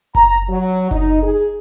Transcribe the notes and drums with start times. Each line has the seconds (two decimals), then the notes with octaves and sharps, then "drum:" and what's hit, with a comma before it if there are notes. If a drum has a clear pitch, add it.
0.15 A#5, drum: kick F#1, hi-hat
0.49 F#3
0.91 D#4, drum: kick F#1, hi-hat
1.22 G#4